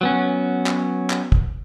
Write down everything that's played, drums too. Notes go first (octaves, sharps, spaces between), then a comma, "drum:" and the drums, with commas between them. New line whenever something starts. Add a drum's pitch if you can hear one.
F#3 B3 C#4
drum: clap
drum: clap
drum: kick